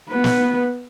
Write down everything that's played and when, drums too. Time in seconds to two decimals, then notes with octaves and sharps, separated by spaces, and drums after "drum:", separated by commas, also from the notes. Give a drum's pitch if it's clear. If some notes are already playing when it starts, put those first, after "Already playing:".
0.10 B3 B4
0.24 drum: snare